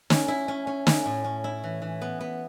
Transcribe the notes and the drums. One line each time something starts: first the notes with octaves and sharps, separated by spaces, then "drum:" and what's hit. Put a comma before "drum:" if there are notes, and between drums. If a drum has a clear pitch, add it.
C#4, drum: snare
E4
C#4
C#4
C#4, drum: snare
A2
C#4
E4
E3
E3
B3
B3